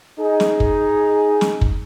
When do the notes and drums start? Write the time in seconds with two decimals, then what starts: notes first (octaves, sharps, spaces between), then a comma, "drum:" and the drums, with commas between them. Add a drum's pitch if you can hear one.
0.20 D#4 G#4
0.40 drum: snare
0.60 drum: kick
1.41 drum: snare
1.61 drum: kick